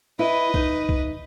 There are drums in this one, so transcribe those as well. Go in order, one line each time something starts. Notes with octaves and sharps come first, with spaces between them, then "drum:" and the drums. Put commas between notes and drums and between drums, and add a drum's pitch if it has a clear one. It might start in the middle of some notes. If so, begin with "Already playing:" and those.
E4 B4 D#5
D#4, drum: kick C2
drum: kick C2